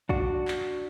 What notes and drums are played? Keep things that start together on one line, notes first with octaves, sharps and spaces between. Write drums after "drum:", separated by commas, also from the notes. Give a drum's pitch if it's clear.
D4 F#4, drum: kick
drum: clap